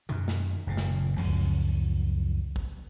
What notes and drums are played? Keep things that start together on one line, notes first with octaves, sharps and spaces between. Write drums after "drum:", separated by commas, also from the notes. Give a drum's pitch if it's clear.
F#2 D#3, drum: tom B2
drum: snare
F#1 A#2 C#3
drum: snare
C#2 F#2 F3 F#3, drum: open hi-hat
drum: kick A1